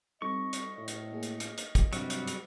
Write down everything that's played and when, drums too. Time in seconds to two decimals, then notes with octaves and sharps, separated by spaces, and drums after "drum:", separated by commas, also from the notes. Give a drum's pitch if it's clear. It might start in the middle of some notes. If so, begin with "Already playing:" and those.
0.22 G3 C4 D#4 A4 D#5 C#6
0.53 drum: hi-hat
0.78 A2
0.88 drum: hi-hat
1.12 A#3 G#4
1.23 drum: hi-hat
1.40 drum: hi-hat
1.58 drum: hi-hat
1.75 drum: kick, hi-hat
1.93 G2 C3 F#3 G3 D4 F6, drum: hi-hat
2.10 drum: hi-hat
2.28 drum: hi-hat